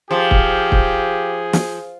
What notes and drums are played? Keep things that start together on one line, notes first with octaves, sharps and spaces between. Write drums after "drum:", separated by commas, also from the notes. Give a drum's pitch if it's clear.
F3 G4 G#4
drum: kick
drum: kick
drum: snare